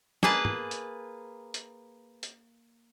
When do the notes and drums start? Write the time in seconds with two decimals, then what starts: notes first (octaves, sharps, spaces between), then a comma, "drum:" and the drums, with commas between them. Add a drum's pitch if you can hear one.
0.23 A#3 G#4 B4 A5, drum: snare
0.45 drum: tom
0.71 drum: hi-hat
1.54 drum: hi-hat
2.23 drum: hi-hat